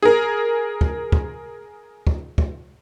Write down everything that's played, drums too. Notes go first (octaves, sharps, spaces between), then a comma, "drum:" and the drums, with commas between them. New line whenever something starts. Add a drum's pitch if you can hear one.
G#4 A#4
drum: kick
drum: kick
drum: kick
drum: kick